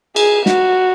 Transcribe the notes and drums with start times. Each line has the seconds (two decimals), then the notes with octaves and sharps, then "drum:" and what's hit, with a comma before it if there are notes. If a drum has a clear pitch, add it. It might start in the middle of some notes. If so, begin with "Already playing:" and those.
0.16 G#4, drum: cymbal
0.46 F#4, drum: snare